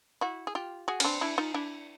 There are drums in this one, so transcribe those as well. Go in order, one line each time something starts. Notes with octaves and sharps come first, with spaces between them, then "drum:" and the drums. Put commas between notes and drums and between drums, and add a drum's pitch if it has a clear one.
E4 F#4
G#4
F4 G4
F#4 G#4
C#4, drum: cymbal
C4 D4
D4 E4
D#4 F4
D4 E4